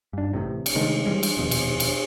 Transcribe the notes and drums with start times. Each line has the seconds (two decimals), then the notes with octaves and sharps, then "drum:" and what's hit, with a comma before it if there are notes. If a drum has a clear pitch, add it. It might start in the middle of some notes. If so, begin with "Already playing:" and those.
0.13 G2 D4
0.33 A1 A2 C3
0.66 drum: cymbal
0.75 C3 D#3 G#3 A3
1.05 E3 G3 G#3
1.23 drum: cymbal
1.37 D#1 F2 B2
1.51 drum: cymbal
1.80 drum: cymbal